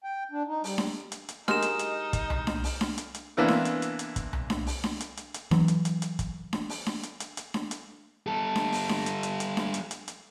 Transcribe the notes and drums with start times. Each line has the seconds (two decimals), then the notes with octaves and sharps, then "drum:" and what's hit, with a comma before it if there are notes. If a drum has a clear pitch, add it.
0.04 G5
0.32 D4
0.47 D#4
0.64 G3, drum: open hi-hat
0.78 drum: snare D4
1.12 drum: hi-hat
1.29 drum: hi-hat
1.48 F#3 G#3 D#4 G4 A#4 F6 E7, drum: snare D4
1.62 drum: hi-hat
1.79 drum: hi-hat
2.13 drum: kick, hi-hat
2.30 drum: tom C2
2.47 drum: snare D4
2.64 drum: open hi-hat
2.81 drum: snare D4
2.98 drum: hi-hat
3.15 drum: hi-hat
3.37 C3 E3 A#3 B3 D4 E4
3.48 drum: snare D4
3.65 drum: hi-hat
3.82 drum: hi-hat
3.99 drum: hi-hat
4.16 drum: kick, hi-hat
4.33 drum: tom C2
4.50 drum: snare D4
4.67 drum: open hi-hat
4.84 drum: snare D4
5.00 drum: hi-hat
5.17 drum: hi-hat
5.34 drum: hi-hat
5.51 E3 F#3, drum: snare D4
5.68 drum: hi-hat
5.85 drum: hi-hat
6.02 drum: hi-hat
6.19 drum: kick, hi-hat
6.53 drum: snare D4
6.70 drum: open hi-hat
6.86 drum: snare D4
7.03 drum: hi-hat
7.20 drum: hi-hat
7.37 drum: hi-hat
7.54 drum: snare D4
7.71 drum: hi-hat
8.27 G3 A4
8.56 drum: snare D4
8.72 drum: open hi-hat
8.89 drum: snare D4
9.06 drum: hi-hat
9.23 drum: hi-hat
9.40 drum: hi-hat
9.57 drum: snare D4
9.74 drum: hi-hat
9.91 drum: hi-hat
10.08 drum: hi-hat